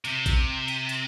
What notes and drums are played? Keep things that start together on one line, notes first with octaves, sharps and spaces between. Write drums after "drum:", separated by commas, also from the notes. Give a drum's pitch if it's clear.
C3, drum: hi-hat
drum: kick A1, hi-hat
drum: hi-hat
drum: hi-hat